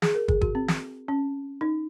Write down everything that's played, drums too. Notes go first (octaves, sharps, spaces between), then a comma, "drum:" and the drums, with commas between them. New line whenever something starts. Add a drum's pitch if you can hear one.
G#4, drum: snare
A#4
G#4, drum: kick
F#4, drum: kick
C4
drum: snare
C#4
D#4